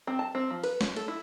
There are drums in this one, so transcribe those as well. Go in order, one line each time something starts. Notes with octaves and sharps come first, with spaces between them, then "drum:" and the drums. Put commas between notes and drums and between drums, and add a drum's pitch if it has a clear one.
C4
A5
C4
F3
B4, drum: cymbal
C#4, drum: snare
A4, drum: cymbal
E4